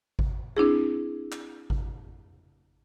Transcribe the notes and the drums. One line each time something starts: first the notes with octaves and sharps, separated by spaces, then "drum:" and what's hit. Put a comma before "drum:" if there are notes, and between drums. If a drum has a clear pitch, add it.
drum: kick G#1
C4 D4 E4 G#4
drum: clap
drum: kick G#1